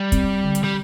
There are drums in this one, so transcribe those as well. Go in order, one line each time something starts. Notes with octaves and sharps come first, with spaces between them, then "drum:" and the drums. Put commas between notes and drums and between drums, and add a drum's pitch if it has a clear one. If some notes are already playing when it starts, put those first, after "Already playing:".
Already playing: G3
C4, drum: kick, hi-hat
D3
drum: hi-hat
G3